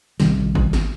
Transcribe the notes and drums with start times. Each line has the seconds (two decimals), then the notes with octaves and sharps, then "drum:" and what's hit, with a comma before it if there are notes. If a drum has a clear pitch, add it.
0.20 A#1 C3 D#3 G3, drum: snare
0.55 drum: kick G#1
0.73 drum: snare